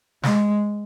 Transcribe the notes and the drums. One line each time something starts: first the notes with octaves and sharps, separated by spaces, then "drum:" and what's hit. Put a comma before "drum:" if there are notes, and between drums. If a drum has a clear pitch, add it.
G#3, drum: snare